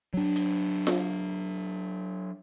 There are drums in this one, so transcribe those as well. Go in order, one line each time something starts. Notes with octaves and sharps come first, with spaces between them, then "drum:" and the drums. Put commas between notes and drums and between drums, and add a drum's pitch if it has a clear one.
F#3 D4
drum: hi-hat
drum: snare F4